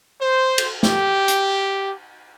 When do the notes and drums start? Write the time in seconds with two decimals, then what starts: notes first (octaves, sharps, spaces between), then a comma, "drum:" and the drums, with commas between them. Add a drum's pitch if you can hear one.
0.20 C5
0.58 drum: cymbal
0.83 G4, drum: snare
1.28 drum: hi-hat